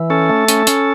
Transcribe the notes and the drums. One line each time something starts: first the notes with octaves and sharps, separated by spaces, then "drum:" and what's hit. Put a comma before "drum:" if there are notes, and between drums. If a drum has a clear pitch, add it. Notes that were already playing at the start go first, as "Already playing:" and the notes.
Already playing: E3
C#4 A4
A3
C#4, drum: hi-hat
C#4, drum: hi-hat